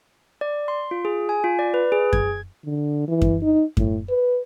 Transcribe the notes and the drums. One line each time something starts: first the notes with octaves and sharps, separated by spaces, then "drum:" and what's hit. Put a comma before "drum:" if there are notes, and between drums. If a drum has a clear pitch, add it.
D5
C6
F4
G#4
G#5
F4
D5
B4
G#4
G#6, drum: kick F#2
D3
E3
drum: kick F#2
D#4
A2, drum: kick F#2
B4